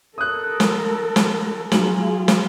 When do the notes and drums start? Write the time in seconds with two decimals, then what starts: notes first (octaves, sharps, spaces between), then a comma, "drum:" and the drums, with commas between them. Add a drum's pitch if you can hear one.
0.18 A4 A#4 D#6 F#6
0.60 drum: snare
1.16 drum: snare
1.72 F#3 F4 G#4 F#7, drum: snare
2.28 drum: snare